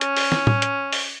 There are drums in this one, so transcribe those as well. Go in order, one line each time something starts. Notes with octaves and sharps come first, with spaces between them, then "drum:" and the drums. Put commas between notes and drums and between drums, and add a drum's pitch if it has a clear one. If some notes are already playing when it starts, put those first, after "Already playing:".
C#4, drum: hi-hat
drum: open hi-hat
drum: snare
drum: tom A2
drum: hi-hat
drum: open hi-hat